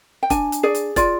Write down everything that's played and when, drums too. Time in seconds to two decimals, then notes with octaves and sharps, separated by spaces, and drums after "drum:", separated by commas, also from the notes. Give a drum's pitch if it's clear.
0.23 G5
0.30 D4 G#5, drum: kick, hi-hat
0.52 drum: hi-hat
0.63 G#4 D5
0.75 drum: hi-hat
0.96 F4 D5, drum: kick, hi-hat